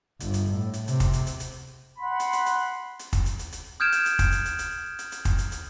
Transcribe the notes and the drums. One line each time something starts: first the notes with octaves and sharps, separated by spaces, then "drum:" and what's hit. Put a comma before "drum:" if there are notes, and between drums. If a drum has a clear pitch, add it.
G1, drum: hi-hat
drum: hi-hat
A2
drum: hi-hat
C3, drum: hi-hat
drum: kick, hi-hat
drum: hi-hat
drum: hi-hat
drum: hi-hat
F#5 B5 C6
drum: hi-hat
drum: hi-hat
drum: hi-hat
drum: hi-hat
drum: kick, hi-hat
drum: hi-hat
drum: hi-hat
drum: hi-hat
D#6 F6 G6 G#6 D7 E7
drum: hi-hat
drum: hi-hat
drum: kick, hi-hat
drum: hi-hat
drum: hi-hat
drum: hi-hat
drum: hi-hat
drum: hi-hat
drum: kick, hi-hat
drum: hi-hat
drum: hi-hat